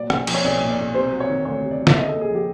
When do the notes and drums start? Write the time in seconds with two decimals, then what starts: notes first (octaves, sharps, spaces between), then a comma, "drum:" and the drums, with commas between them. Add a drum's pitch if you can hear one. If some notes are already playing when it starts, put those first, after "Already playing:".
Already playing: A#2 F#3 D5
0.10 B1, drum: rim click
0.27 F3, drum: cymbal
0.34 C#5
0.44 B1 D5
0.61 A#2
0.70 D5
0.78 B1
0.94 C3 C5
1.11 F#3
1.20 C#5
1.29 D#3
1.45 D2 C#5
1.63 C3
1.71 D5
1.79 F#3
1.87 E5, drum: snare
1.96 C#3 D#5
2.08 D#2 A4
2.21 G#4
2.30 F3 G4